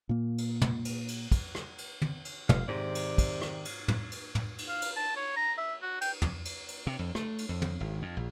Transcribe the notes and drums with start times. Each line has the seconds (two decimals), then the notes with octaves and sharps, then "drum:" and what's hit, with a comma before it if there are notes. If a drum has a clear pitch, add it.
0.09 A#2 A#3
0.38 drum: cymbal
0.62 drum: tom
0.85 drum: cymbal
1.08 drum: cymbal
1.32 drum: kick, cymbal
1.55 drum: rim click
1.78 drum: cymbal
2.02 drum: tom
2.25 drum: cymbal
2.49 F1 F5, drum: tom
2.68 G#2 C3 D#3 D5
2.95 drum: cymbal
3.18 drum: kick, cymbal
3.42 drum: rim click
3.65 drum: cymbal
3.88 drum: tom
4.12 drum: cymbal
4.35 drum: tom
4.58 drum: cymbal
4.68 F5
4.82 drum: cymbal
4.96 A5
5.16 C#5
5.37 A#5
5.58 E5
5.82 F#4
6.01 G5, drum: cymbal
6.22 drum: tom
6.45 drum: cymbal
6.68 drum: cymbal
6.87 C3
6.99 F2
7.15 A3, drum: rim click
7.38 drum: cymbal
7.49 F2
7.62 drum: tom
7.80 G#1
8.02 F2
8.17 A#1